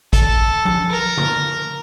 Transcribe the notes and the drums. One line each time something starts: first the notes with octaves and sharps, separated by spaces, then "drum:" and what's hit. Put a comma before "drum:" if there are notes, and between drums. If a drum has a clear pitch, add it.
A4, drum: kick, hi-hat
drum: tom F3
A#4
drum: tom C#3